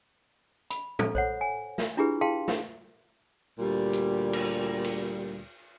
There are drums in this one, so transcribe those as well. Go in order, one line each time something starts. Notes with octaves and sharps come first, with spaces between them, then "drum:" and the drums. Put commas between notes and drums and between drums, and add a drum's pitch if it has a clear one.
B5, drum: hi-hat
A4, drum: tom
C5 C#5 F#5, drum: kick A#1
G#5
drum: snare
D4 E4 F4 G4 G#4 B4
G#4 F5 G5 A5 C6
drum: snare
D2 A#2 G3
drum: hi-hat
drum: cymbal
drum: cymbal